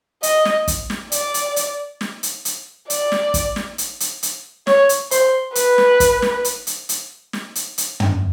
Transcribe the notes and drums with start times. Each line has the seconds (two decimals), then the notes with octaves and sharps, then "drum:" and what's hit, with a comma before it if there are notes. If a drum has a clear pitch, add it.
0.23 D#5, drum: hi-hat
0.45 drum: snare
0.68 drum: kick, hi-hat
0.90 drum: snare
1.12 D5, drum: hi-hat
1.34 drum: hi-hat
1.56 drum: hi-hat
2.01 drum: snare
2.23 drum: hi-hat
2.45 drum: hi-hat
2.90 D5, drum: hi-hat
3.12 drum: snare
3.34 drum: kick, hi-hat
3.56 drum: snare
3.78 drum: hi-hat
4.00 drum: hi-hat
4.23 drum: hi-hat
4.67 C#5, drum: snare
4.89 drum: hi-hat
5.11 C5, drum: hi-hat
5.55 B4, drum: hi-hat
5.78 drum: snare
6.00 drum: kick, hi-hat
6.22 drum: snare
6.45 drum: hi-hat
6.67 drum: hi-hat
6.89 drum: hi-hat
7.33 drum: snare
7.55 drum: hi-hat
7.78 drum: hi-hat
8.00 drum: tom